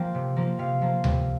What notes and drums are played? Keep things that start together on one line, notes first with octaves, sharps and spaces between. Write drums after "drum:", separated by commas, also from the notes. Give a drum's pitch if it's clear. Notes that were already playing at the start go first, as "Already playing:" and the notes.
Already playing: F3 A#3 G5
C3
F3 A#3
C3 F5
F3 A#3
C3, drum: tom C#2